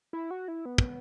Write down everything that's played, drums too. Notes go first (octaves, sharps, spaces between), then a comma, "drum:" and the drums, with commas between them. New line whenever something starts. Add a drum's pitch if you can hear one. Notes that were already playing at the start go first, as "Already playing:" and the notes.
E4
F#4
E4
B3
drum: kick